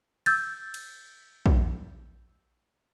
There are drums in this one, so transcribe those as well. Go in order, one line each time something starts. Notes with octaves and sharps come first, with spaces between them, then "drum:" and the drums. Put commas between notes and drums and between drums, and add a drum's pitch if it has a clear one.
E6 G6 A6, drum: cymbal
drum: cymbal
drum: kick